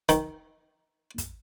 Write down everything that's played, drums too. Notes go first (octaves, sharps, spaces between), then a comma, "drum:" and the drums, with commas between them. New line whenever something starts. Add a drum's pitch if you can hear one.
D#3, drum: hi-hat
drum: kick, hi-hat